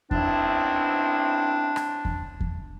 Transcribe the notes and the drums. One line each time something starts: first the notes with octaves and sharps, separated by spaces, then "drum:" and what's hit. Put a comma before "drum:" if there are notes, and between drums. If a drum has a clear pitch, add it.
B1 C4 D4 E4, drum: kick E2
drum: rim click
drum: kick E2
drum: kick E2